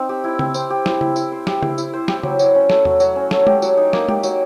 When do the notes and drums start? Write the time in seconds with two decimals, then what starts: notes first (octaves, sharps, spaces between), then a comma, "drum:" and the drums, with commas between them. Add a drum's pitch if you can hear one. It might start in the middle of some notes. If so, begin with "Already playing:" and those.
Already playing: C4 D#4
0.09 G4
0.24 E4
0.39 C4, drum: tom C#3
0.54 C4, drum: tambourine
0.70 G4
0.86 E4, drum: snare
1.01 E4, drum: tom C#3
1.16 E4, drum: tambourine
1.32 C5
1.47 G4, drum: snare
1.63 E4, drum: tom C#3
1.78 E4, drum: tambourine
1.93 C5
2.08 G4, drum: snare
2.23 F#3, drum: tom C#3
2.39 F#3, drum: tambourine
2.55 C#4
2.70 A3, drum: snare
2.85 F#3, drum: tom E2
3.00 F#3, drum: tambourine
3.16 C#4
3.31 A3, drum: snare
3.47 G4, drum: tom
3.62 F#3, drum: tambourine
3.77 D#4
3.93 A#3, drum: snare
4.09 G4, drum: tom
4.23 F#3, drum: tambourine